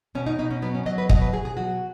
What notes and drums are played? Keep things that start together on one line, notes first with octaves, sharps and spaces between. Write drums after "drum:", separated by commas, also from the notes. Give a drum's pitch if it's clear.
B2 C#4
D#4
B2 D#4
C#4
F#3 B3
C#4
F#3 D#5
B4
B2 D#5, drum: kick
B4
B2 G#4
G#4
F#3 F#4